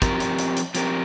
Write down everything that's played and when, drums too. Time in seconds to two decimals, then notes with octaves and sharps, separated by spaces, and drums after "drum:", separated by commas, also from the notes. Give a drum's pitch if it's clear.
0.02 F3 C4 G4 A#4, drum: kick, hi-hat
0.20 drum: hi-hat
0.39 drum: hi-hat
0.57 drum: hi-hat
0.75 F3 C4 G4 A#4, drum: hi-hat